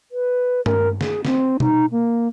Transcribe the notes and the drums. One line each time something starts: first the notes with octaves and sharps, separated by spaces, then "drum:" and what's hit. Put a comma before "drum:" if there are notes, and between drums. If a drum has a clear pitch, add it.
B4
A#4, drum: tom G2
G#4, drum: snare
C4, drum: snare
D#4, drum: tom B2
A#3